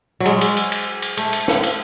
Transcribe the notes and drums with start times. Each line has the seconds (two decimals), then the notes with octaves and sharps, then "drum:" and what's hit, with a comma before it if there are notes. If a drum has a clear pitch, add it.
0.20 F#3
0.25 G#3, drum: cymbal
0.41 drum: cymbal
0.56 drum: cymbal
0.72 drum: cymbal
1.02 drum: cymbal
1.17 A3, drum: cymbal
1.33 drum: cymbal
1.48 drum: snare
1.63 drum: cymbal